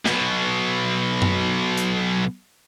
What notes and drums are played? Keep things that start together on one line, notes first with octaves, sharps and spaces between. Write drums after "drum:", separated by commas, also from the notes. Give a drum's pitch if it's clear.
B1 B2, drum: snare
drum: tom F#2
drum: hi-hat